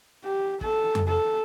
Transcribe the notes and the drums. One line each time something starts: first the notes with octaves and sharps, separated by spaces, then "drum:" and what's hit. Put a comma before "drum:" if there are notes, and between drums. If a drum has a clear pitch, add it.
G4
A4, drum: kick
drum: tom F2
A4